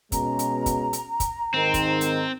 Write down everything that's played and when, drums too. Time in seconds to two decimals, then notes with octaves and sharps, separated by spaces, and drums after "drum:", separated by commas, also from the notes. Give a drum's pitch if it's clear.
0.12 B2 G#3 C#4 A#5, drum: kick, hi-hat
0.39 drum: hi-hat
0.66 drum: kick, hi-hat
0.93 drum: hi-hat
1.20 drum: kick, hi-hat
1.54 G#2 D#3 C4
1.74 drum: kick, hi-hat
2.01 drum: hi-hat